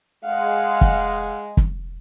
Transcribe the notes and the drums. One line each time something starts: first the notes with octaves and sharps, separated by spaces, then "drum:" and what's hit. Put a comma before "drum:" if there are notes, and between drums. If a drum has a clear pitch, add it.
G#3 F5 F#5
drum: kick
drum: kick